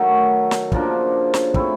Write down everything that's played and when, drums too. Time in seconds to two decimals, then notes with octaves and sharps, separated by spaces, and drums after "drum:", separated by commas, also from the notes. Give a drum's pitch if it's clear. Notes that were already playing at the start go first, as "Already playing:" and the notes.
Already playing: D#3 F#3 A3
0.51 drum: snare
0.72 C#3 F3 A#3 D4, drum: kick
1.34 drum: snare
1.54 A3 C4 E4, drum: kick